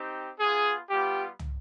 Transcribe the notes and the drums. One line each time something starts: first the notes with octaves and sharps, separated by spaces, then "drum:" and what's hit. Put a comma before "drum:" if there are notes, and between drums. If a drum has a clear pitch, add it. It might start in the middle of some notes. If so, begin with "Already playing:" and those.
Already playing: C4 D#4 G4
B3 F4 G#4
G3 B3 F4 G4
drum: tom